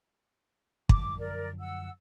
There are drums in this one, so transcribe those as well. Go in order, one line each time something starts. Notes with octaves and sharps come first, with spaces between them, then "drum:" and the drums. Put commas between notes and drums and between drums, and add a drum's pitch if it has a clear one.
F#2 D3 F3 D6, drum: kick
A#4 D5
F#5 E6